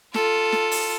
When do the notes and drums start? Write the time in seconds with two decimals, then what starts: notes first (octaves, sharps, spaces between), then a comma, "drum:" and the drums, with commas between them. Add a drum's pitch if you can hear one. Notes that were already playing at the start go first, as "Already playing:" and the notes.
0.14 F4 A4, drum: snare
0.52 drum: snare
0.71 drum: open hi-hat